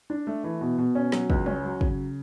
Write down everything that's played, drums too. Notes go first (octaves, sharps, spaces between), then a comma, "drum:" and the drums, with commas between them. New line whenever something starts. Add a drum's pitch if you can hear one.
D4
A3
E3
B2
B2
C#4
F#3, drum: snare
C#2, drum: kick
C#4, drum: tom
F#3
C#3, drum: kick